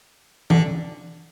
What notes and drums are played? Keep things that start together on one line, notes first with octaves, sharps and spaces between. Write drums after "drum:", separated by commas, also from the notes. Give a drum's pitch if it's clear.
D3, drum: tom E3